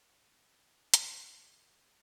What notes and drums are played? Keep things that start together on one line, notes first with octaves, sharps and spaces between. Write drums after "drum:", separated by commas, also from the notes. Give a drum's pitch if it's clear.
D4
D#4
D4
C4
A#3, drum: hi-hat
A#3
A3
G3
F3